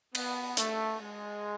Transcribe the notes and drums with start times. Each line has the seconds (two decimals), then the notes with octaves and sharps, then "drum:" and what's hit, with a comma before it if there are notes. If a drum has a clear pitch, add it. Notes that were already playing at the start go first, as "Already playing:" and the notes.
0.15 B3, drum: cymbal
0.57 A3, drum: hi-hat
1.00 G#3